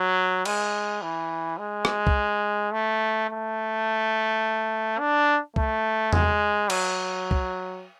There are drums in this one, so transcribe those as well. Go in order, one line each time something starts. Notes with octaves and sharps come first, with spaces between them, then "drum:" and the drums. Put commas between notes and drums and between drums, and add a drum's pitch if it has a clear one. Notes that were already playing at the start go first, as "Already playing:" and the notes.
Already playing: F#3
G#3, drum: cymbal
E3
G#3
drum: rim click
drum: kick C2
A3
A3
D4
A3, drum: kick C2
G#3, drum: tom E2
F#3, drum: cymbal
drum: kick C2